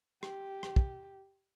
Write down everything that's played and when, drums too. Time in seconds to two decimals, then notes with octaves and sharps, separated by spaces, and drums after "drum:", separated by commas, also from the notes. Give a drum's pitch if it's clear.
0.23 G4, drum: rim click
0.63 drum: rim click
0.76 drum: kick